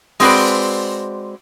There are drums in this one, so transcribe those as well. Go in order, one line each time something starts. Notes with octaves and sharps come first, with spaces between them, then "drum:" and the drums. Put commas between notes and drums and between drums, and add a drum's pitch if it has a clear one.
G#3 C4 F#4 B4 D5, drum: open hi-hat